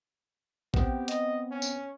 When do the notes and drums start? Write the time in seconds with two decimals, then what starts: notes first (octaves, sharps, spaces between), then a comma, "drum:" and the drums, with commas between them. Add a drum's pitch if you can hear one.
0.74 B3 C4 G4, drum: kick A#1
1.08 D#5, drum: hi-hat
1.51 C#4
1.62 drum: tambourine